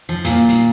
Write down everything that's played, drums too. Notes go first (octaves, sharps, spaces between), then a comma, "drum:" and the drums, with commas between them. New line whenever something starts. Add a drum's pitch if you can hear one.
F3
A#2, drum: hi-hat
drum: hi-hat